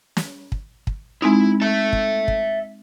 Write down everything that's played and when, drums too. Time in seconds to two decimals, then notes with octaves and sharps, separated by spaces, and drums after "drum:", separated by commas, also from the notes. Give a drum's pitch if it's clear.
0.17 drum: snare
0.52 drum: kick
0.87 drum: kick
1.22 G#3 C4 D#4 E4
1.61 E5 A5
1.93 drum: kick
2.28 drum: kick